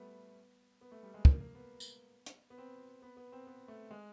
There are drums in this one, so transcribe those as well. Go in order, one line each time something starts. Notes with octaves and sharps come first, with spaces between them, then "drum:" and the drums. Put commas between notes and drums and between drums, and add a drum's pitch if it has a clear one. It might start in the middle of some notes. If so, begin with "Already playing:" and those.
Already playing: G3 A3 B3
B3
A3
G3
G#3
A#3, drum: kick
A#3
B3
drum: tambourine
drum: hi-hat
B3
C4
B3
B3
C4
B3
A3
G#3